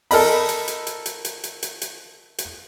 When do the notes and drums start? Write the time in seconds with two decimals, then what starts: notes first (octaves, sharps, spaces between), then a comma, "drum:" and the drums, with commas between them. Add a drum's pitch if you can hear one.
0.11 A4 A#4 D#5 B5, drum: open hi-hat
0.49 drum: hi-hat
0.68 drum: hi-hat
0.87 drum: hi-hat
1.06 drum: hi-hat
1.25 drum: hi-hat
1.44 drum: hi-hat
1.63 drum: hi-hat
1.82 drum: hi-hat
2.38 drum: hi-hat